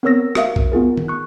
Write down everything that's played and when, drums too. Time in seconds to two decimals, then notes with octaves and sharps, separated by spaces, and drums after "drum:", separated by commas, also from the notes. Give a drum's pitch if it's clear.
0.03 B3 C4 A#4 C#5 E6 A#6
0.35 F#4 A#4 E5 F5, drum: rim click
0.56 drum: kick
0.72 B3 F4 G#4 A#4
0.97 drum: tom D#3
1.08 C#6 F#6